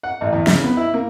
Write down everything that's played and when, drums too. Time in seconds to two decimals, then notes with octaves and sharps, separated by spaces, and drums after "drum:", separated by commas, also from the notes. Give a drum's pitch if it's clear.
0.03 F#5
0.21 A1
0.33 E2
0.47 C#3, drum: snare
0.63 B3
0.77 E4
0.94 A#3